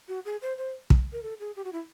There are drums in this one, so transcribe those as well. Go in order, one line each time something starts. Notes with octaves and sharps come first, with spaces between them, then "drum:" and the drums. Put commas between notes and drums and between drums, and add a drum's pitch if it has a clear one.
F#4
G#4
C5
C5
drum: kick
A#4
A4
G#4
G4
F#4
E4